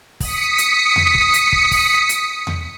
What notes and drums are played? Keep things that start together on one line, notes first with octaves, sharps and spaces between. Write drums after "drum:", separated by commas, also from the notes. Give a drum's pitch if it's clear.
D#6 B6 C#7, drum: kick, open hi-hat
drum: hi-hat
drum: tom E2
drum: kick
drum: hi-hat
drum: kick
drum: kick, open hi-hat
drum: hi-hat
drum: tom E2